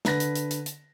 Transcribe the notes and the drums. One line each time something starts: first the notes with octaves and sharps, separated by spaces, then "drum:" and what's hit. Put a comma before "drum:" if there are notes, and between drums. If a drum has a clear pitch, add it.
D3 B4 A#6, drum: snare
drum: hi-hat
drum: hi-hat
drum: hi-hat
drum: hi-hat